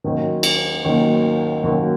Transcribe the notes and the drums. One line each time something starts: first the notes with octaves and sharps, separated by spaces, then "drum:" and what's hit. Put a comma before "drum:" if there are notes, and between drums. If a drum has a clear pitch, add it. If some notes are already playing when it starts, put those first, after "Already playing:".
D#2 D#3 F#3 A#3 C#4
drum: cymbal
D#2 D#3 F#3 A#3 C#4
D#2 D#3 F#3 A#3 C#4